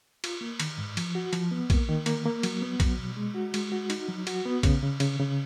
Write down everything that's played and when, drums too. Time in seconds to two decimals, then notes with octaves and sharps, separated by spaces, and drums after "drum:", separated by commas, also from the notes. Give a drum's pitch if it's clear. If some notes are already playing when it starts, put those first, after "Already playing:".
0.24 F4, drum: cymbal
0.41 A#3
0.60 D#3, drum: cymbal
0.78 G#2
0.97 F3, drum: cymbal
1.15 F#4
1.33 F3, drum: cymbal
1.51 B3
1.70 A#3, drum: kick A#1, cymbal
1.89 D#3
2.06 A#3, drum: cymbal
2.26 A#3
2.43 F#3, drum: cymbal
2.62 B3
2.80 F#3, drum: kick A#1, cymbal
2.99 B2
3.17 G#3
3.35 F#4
3.54 G#3, drum: cymbal
3.72 F#4
3.90 D#4, drum: cymbal
4.09 F#3
4.27 F#4, drum: cymbal
4.46 B3
4.63 C#3, drum: kick A#1, cymbal
4.83 C#3
5.00 C#3, drum: cymbal
5.19 C#3